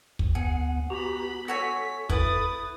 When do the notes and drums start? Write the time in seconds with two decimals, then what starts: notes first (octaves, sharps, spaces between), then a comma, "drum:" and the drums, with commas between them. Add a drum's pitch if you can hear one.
0.19 drum: kick
0.35 D2 B3 G#4 F#5
0.90 B3 F#4 G4 A#5 B5
1.48 F#4 A4 C#5 G#5 B6
2.09 E4 B4 D#6 A6, drum: kick